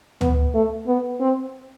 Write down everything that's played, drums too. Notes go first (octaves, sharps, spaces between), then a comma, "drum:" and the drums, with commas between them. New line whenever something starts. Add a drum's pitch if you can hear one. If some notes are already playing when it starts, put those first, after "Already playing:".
B3, drum: tom
A3
B3
C4